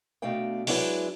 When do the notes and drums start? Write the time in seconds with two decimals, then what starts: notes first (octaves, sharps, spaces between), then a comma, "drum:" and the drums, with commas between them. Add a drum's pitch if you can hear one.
0.22 B2 A3 D4 F5 G5
0.67 F#3 G#3 D4 E4 B4, drum: open hi-hat